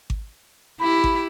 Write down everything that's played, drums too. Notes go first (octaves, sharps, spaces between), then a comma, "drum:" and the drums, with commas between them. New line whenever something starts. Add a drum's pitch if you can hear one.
drum: kick G#1
E4 G4 B5
drum: kick G#1